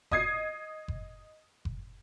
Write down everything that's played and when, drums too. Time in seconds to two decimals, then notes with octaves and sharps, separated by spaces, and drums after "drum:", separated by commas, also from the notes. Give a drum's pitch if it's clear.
0.11 D#5 D#6 G#6 C7, drum: kick F#1
0.88 drum: kick F#1
1.65 drum: kick F#1